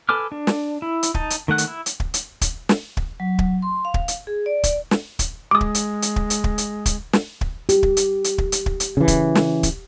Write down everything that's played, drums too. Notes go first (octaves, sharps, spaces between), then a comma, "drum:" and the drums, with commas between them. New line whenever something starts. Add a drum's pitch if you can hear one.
A4 B4 G#5 D6 F6
D4
drum: snare
E4
drum: hi-hat
D#4 A5, drum: kick
drum: hi-hat
D#3 A3 F#5 F#6
drum: hi-hat
E4
drum: hi-hat
drum: kick
drum: hi-hat
drum: kick, hi-hat
drum: snare
drum: kick
F#3
drum: kick
C6
F5
drum: kick
drum: hi-hat
G#4
D5
drum: kick, hi-hat
drum: snare
drum: kick, hi-hat
G#3 D6 D#6
drum: kick
drum: hi-hat
drum: hi-hat
drum: kick
drum: hi-hat
drum: kick
drum: hi-hat
drum: kick, hi-hat
drum: snare
drum: kick
G4, drum: hi-hat
drum: kick
drum: hi-hat
drum: hi-hat
drum: kick
drum: hi-hat
drum: kick
drum: hi-hat
C#3 E3
drum: kick, hi-hat
drum: snare
drum: kick, hi-hat